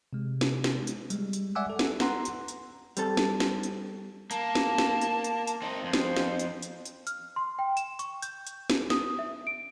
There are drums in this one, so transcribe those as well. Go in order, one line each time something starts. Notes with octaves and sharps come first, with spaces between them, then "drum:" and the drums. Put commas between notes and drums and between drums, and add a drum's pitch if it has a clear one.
C3 G#3
drum: snare
drum: snare
drum: hi-hat
G3 G#3, drum: hi-hat
drum: hi-hat
D5 E5 F#5 G#5 D6 E6
A4
drum: snare
B4 F#5 A#5 C6, drum: snare
drum: hi-hat
drum: hi-hat
G3 C4 A4, drum: hi-hat
drum: snare
drum: snare
drum: hi-hat
A#3 A5, drum: hi-hat
drum: snare
drum: snare
drum: hi-hat
drum: hi-hat
drum: hi-hat
C4 D#4
F2 C5
drum: snare
drum: snare
drum: hi-hat
drum: hi-hat
drum: hi-hat
F6, drum: hi-hat
C6
G5
E7, drum: hi-hat
C#6, drum: hi-hat
G6, drum: hi-hat
drum: hi-hat
drum: snare
D#6, drum: snare
E5
D7